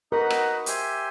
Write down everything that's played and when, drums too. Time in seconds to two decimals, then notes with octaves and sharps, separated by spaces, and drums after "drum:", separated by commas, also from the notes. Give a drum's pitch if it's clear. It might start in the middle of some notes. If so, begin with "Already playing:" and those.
0.12 D#4 F#4 A#4 B4 D#5 F#5
0.30 drum: rim click
0.66 G4 C5 E5 G#5, drum: hi-hat